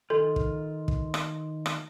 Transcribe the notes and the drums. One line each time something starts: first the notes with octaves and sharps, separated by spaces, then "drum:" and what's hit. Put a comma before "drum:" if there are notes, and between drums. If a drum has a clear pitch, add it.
D#3 F4 A4
drum: kick
drum: kick
drum: rim click
drum: rim click